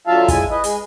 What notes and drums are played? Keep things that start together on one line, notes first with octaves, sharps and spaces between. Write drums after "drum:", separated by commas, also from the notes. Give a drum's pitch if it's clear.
D3 F#3 F4 E5 F5 A5
G#3 E4 G#5, drum: kick, hi-hat
B4 D#5
G#3 G#4, drum: hi-hat